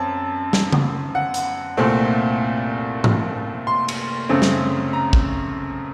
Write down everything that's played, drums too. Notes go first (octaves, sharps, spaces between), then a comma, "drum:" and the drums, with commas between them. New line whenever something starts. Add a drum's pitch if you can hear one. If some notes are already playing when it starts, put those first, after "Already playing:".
Already playing: F#2 C4 A5
drum: snare
drum: tom C#3
F#5
drum: hi-hat
C2 A#2 A3 C4
drum: tom G#2
C6
drum: cymbal
F#2 C#3 A3 C4
drum: snare
A#5
drum: kick